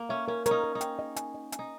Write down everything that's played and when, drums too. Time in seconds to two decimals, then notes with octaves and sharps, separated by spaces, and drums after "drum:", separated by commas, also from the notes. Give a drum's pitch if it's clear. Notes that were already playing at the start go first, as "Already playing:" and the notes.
Already playing: A#3
0.09 C#4 E5
0.28 C#4 A#4
0.46 C#4 A#4, drum: hi-hat
0.51 D#4
0.64 A#4
0.75 D#4
0.81 G5, drum: hi-hat
0.99 D#5
1.16 G#5, drum: hi-hat
1.35 D#5
1.52 G#5, drum: hi-hat
1.59 D#4